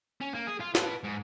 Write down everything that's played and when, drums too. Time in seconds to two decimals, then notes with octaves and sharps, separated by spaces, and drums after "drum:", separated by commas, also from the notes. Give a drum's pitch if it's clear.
0.21 C#4
0.34 A#3
0.47 G#4
0.60 F4
0.75 B4 A5, drum: snare
1.05 G#2